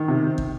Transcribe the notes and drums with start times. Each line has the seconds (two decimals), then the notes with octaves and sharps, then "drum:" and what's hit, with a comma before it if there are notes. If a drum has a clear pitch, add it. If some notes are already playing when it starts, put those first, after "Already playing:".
Already playing: D#3
0.08 C3
0.38 drum: kick